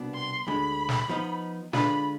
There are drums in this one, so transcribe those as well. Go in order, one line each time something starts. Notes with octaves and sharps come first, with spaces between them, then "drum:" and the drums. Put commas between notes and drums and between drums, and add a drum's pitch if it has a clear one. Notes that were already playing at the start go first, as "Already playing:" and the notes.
Already playing: C2 B2 B3 D4
C6
D2 D3 G#3 B5
drum: snare
F3 B3 D#4
D3 G#3 D4 F4 B4 B5, drum: snare